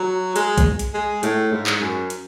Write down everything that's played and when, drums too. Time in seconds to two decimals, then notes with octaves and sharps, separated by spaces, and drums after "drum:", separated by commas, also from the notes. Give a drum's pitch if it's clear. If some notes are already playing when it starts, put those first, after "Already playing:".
Already playing: F#3
0.36 G#3, drum: hi-hat
0.58 drum: kick A#1, hi-hat
0.79 drum: hi-hat
0.94 G#3
1.23 A2, drum: hi-hat
1.52 G#2
1.67 drum: clap
1.81 F#2
2.10 drum: hi-hat